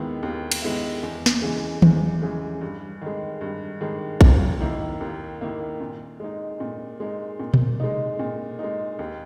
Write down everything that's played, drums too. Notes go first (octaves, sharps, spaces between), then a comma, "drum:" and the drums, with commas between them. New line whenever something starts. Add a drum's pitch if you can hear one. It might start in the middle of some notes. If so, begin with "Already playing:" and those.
Already playing: D#2 D#3 G#3 B3 E4
D#2
drum: cymbal
D#3 G#3 B3 E4
E2
drum: snare
C#3 E3 G#3
E2, drum: tom
C#3 E3 G#3
G2
D#3 G#3
G2
D#3 G#3
D#2, drum: kick A#1
D#3 A#3 E4
D#2
D#3 A#3 E4
A#2
G#3 D#4
A#2
G#3 D#4
A#2
drum: tom A#2
G#3 D#4
A#2
G#3 D#4
D#2